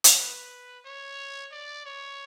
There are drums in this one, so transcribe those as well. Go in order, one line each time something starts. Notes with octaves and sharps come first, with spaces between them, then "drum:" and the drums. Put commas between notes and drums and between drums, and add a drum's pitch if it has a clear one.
drum: hi-hat
B4
C#5
D5
C#5